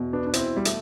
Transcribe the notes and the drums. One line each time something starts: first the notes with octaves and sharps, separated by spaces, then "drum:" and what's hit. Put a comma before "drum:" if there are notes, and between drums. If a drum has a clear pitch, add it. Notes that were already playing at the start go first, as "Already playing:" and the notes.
Already playing: E2 B2
B3 D4
D4
E2 B2 C4 E4, drum: hi-hat
G3
A3, drum: hi-hat